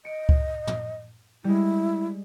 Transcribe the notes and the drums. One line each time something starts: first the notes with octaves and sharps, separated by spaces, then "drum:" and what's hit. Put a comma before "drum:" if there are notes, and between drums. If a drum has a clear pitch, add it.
D#5 C#7 D7
drum: kick C#2
drum: tom
G3 G#3 E4